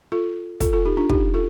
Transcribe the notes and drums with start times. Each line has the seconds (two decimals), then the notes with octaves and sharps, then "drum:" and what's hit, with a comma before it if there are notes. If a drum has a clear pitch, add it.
0.12 F4 A4
0.60 F4 A4, drum: kick, hi-hat
0.73 F4 A4
0.85 D#4 G4
0.97 D4 F4
1.09 D#4 G4, drum: kick
1.34 F4 A4